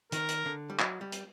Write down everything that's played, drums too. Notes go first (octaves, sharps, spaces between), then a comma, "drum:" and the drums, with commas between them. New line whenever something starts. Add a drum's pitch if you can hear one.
D#3 A#4, drum: hi-hat
drum: hi-hat
D3
G3
F#3, drum: clap
G3
drum: hi-hat